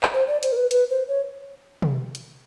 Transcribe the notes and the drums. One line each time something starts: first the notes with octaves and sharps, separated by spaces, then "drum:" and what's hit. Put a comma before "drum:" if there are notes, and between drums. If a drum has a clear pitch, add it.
drum: clap
C5
D5
C5, drum: hi-hat
A#4
B4
B4, drum: hi-hat
C5
C#5
drum: tom
drum: hi-hat